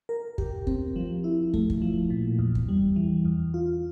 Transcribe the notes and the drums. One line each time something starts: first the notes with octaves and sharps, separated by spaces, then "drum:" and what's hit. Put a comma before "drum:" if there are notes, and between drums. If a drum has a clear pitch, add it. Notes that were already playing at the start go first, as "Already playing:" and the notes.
A#4
G4, drum: kick
C4, drum: kick
F3
E4
A3, drum: kick
drum: kick
F3
A#2
E2
drum: kick
G3
E3
E2
F4